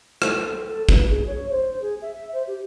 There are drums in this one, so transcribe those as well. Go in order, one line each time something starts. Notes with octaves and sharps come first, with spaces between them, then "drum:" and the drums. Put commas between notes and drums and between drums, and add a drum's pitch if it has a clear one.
A4, drum: rim click
A4
B4, drum: kick
G#4
C#5
C5
G#4
E5
C5
G4